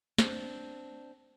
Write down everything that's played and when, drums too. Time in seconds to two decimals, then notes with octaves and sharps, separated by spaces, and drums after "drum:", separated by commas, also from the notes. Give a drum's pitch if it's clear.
0.18 C4 D4, drum: snare